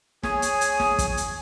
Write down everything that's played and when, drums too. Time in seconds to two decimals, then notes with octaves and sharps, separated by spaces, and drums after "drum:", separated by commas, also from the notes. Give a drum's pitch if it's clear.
0.23 G#4 C#5 G#5, drum: snare
0.42 drum: hi-hat
0.61 drum: hi-hat
0.80 drum: snare
0.98 drum: kick, hi-hat
1.17 drum: hi-hat